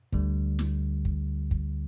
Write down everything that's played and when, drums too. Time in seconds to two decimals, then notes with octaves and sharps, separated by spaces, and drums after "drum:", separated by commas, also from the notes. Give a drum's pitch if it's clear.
0.12 D2 D3 G3, drum: kick
0.59 drum: snare
1.05 drum: kick
1.51 drum: kick